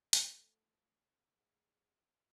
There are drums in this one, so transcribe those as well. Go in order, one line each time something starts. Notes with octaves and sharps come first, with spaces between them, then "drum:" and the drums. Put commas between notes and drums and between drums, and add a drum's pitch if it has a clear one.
F3 A3 G4, drum: hi-hat
G#2